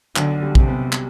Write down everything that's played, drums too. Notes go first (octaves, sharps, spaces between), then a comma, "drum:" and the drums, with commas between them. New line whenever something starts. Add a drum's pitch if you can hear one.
B1 D3, drum: clap
G3
C3, drum: kick
B3
G3, drum: clap